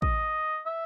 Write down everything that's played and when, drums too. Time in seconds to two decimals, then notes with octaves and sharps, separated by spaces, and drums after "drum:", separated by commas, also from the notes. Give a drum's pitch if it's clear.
0.02 D#5, drum: kick
0.67 E5